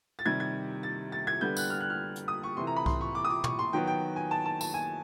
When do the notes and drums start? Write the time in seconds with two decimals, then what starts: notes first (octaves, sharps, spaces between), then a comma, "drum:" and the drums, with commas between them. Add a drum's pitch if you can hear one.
0.19 A6
0.26 C3 D#3 G3 G#6
0.40 G#6
0.83 A6
1.12 A6
1.27 G#6
1.41 D3 G3 B3 G6
1.57 F#6, drum: tambourine
1.70 F6
1.80 F#6
1.90 F6
2.16 drum: hi-hat
2.28 D#6
2.43 C#6
2.57 C3 E3 A3 C6
2.67 A#5
2.76 B5
2.86 C6, drum: kick C2
3.01 C#6
3.15 D6
3.25 D#6
3.30 D6
3.44 C#6, drum: tom
3.59 C6
3.73 D#3 F#3 B3 G5
3.87 G5
4.16 G#5
4.31 A5
4.46 A5
4.61 A5, drum: tambourine
4.74 G#5